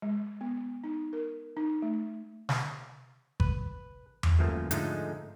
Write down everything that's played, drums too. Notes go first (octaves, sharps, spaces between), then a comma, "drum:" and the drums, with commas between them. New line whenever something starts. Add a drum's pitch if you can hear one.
G#3
B3
D#4
A#4
D#4
A3
drum: snare
B4, drum: kick G#1
drum: tom E2
G1 F#2 F3 A3 A#3
G#2 D3 F3 G#3 A3 D#4, drum: hi-hat